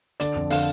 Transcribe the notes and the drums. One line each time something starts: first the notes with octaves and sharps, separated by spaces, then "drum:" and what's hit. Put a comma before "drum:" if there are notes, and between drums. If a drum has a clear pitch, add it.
D3 D5, drum: hi-hat
F2
D3 F5, drum: open hi-hat